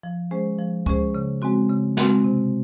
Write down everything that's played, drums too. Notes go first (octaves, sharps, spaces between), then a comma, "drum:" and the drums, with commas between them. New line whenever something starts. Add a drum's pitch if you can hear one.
F3
G#3 C#4 G#4 C5
F3
G#3 C#4 G#4 C5, drum: kick C#2
C#3
G#3 C4 F#4
C#3
G#3 C4 F#4, drum: snare
C3